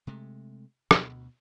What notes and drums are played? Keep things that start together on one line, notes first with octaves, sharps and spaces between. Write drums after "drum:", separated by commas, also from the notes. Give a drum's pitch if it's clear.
C3 G#3 A3
D2 B2, drum: rim click